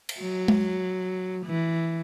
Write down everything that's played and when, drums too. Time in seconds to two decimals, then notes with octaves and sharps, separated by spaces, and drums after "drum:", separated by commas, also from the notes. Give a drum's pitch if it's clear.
0.09 drum: cymbal
0.19 F#3
0.48 drum: tom G#3
1.46 E3